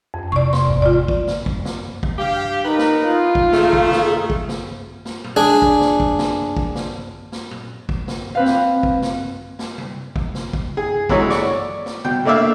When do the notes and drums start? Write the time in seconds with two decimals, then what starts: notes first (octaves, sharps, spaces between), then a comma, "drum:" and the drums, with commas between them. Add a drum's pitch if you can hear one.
0.14 F2
0.32 C3 E4 D5 C#6
0.53 C6, drum: snare
0.66 G#1 E2
0.82 F4 D5
1.08 drum: kick
1.27 drum: snare
1.46 drum: kick
1.65 drum: snare
2.03 drum: kick
2.18 G2 G4 F5
2.65 D#4 A#4 B4
2.79 drum: snare
3.06 F4
3.35 drum: kick
3.52 D#3 A3 G#4, drum: snare
3.73 drum: kick
3.92 drum: snare
4.30 drum: kick
4.49 drum: snare
5.05 drum: snare
5.24 drum: tom A#2
5.36 D4 G#4
5.62 drum: kick
5.81 drum: snare
6.00 drum: kick
6.19 drum: snare
6.57 drum: kick
6.75 drum: snare
7.32 drum: snare
7.51 drum: tom A#2
7.89 drum: kick
8.08 drum: snare
8.35 C4 B4 F5
8.46 drum: snare
8.83 drum: kick
9.02 drum: snare
9.59 drum: snare
9.78 drum: tom C3
10.16 drum: kick
10.35 drum: snare
10.53 drum: kick
10.77 G#4
11.09 D3 E3 F#3 G#3 E4 C#5, drum: kick
11.30 D5 C#6, drum: snare
11.86 drum: snare
12.05 B2 G5, drum: tom C3
12.25 A3 A#3 D4 D5 E5 F5